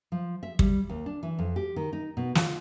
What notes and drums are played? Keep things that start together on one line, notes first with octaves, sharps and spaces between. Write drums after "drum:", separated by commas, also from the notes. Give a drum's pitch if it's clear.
F3
E5
G3, drum: kick
D#2
D4
E3
F2
G4
D#3
D#4
B2
F4, drum: snare